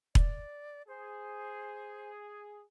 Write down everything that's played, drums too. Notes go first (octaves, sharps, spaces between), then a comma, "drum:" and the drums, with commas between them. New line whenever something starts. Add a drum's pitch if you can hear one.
D5, drum: kick E1
G#4 C5